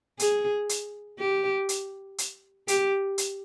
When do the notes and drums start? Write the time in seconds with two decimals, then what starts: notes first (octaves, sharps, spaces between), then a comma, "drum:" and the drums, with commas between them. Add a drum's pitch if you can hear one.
0.19 G#4, drum: hi-hat
0.69 drum: hi-hat
1.19 G4
1.69 drum: hi-hat
2.18 drum: hi-hat
2.68 G4, drum: hi-hat
3.18 drum: hi-hat